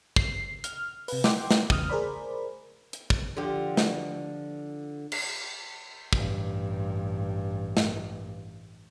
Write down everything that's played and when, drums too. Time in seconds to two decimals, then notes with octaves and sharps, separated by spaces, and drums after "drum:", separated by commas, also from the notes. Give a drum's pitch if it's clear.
0.16 G1 C7, drum: kick
0.64 F6, drum: hi-hat
1.08 C3 B4, drum: open hi-hat
1.24 F#5 G5 C6 D6, drum: snare
1.51 drum: snare
1.70 E2 C#3 D#6 F6, drum: kick
1.90 G#4 A#4 C5 D5 B5
2.93 drum: hi-hat
3.10 drum: kick
3.37 D3 F3 G4
3.77 drum: snare
5.12 drum: cymbal
6.13 A1 G2, drum: kick
7.77 drum: snare